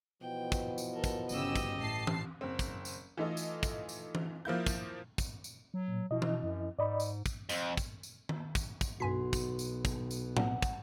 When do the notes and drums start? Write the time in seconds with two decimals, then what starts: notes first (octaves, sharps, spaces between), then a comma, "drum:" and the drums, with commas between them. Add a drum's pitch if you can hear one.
0.21 B2 E3 F3 G5
0.52 drum: kick, tambourine
0.78 drum: tambourine
0.93 A4 A#4
1.04 drum: kick, tambourine
1.29 G1 C#3 G4 D#5 E6, drum: tambourine
1.56 drum: kick, tambourine
1.78 A1 A5 C7
2.07 drum: tom E3
2.41 F#1 C4
2.59 drum: kick, tambourine
2.85 drum: tambourine
3.17 E3 A3 D#4 F4 A4 D#5
3.37 drum: tambourine
3.63 drum: kick, tambourine
3.89 drum: tambourine
4.15 drum: tom E3
4.45 F3 A#3 E4 G6
4.66 drum: kick, tambourine
5.18 drum: kick, tambourine
5.44 drum: tambourine
5.74 F#3
5.88 A#2
6.11 B2 F3 E4 D#5
6.22 drum: tom E3
6.44 F#2
6.79 G#2 D5 D#5 B5
7.00 drum: tambourine
7.26 drum: kick, tambourine
7.49 F2, drum: tambourine
7.77 drum: kick, tambourine
8.03 drum: tambourine
8.29 drum: tom
8.55 drum: kick, tambourine
8.81 drum: kick, tambourine
9.00 B1 G2 B2 F#4 G#5 C6 B6
9.33 drum: kick, tambourine
9.59 drum: tambourine
9.85 drum: kick, tambourine
10.11 drum: tambourine
10.37 A#3 C4 F#5, drum: tom A2
10.62 drum: kick, tambourine